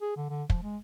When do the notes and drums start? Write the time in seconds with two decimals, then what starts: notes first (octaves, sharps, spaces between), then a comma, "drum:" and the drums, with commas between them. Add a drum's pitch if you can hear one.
0.02 G#4
0.17 D3
0.30 D3
0.50 F3, drum: kick
0.63 G#3